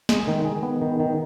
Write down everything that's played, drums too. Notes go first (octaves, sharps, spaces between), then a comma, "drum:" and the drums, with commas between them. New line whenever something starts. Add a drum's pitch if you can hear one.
G#3 D#5, drum: snare
D#3
D#3 G#4
B3
D#3
D#3